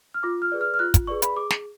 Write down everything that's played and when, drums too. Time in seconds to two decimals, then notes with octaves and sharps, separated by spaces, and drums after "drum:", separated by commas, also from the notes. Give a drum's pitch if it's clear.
0.14 F6
0.23 F4 D6
0.42 F6
0.52 G#4 B4 D5
0.61 F6
0.74 F6
0.79 F4 F#6
0.94 drum: kick, hi-hat
1.07 G#4 B4 D5 C#6
1.22 B5, drum: hi-hat
1.36 G#4 D6
1.50 drum: snare